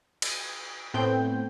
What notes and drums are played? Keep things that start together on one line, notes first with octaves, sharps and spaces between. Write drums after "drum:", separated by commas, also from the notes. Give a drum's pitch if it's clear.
D#6 D7, drum: cymbal
A2 A3 B3 C4 G5 G6